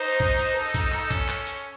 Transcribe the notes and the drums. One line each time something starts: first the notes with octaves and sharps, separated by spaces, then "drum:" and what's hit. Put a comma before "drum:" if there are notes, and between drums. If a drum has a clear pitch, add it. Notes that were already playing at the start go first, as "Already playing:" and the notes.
Already playing: D#4 C5
drum: kick B1
drum: hi-hat
A4
drum: kick B1, hi-hat
drum: clap
C#4, drum: kick B1, hi-hat
drum: clap
drum: hi-hat